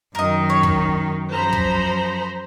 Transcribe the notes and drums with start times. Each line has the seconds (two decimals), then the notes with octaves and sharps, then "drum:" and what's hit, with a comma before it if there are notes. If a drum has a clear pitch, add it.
0.15 F#2 D#3 A#4 D#5
0.50 C#5
0.63 drum: kick
1.30 F#2 F3 C5 A#5 B5
1.53 drum: kick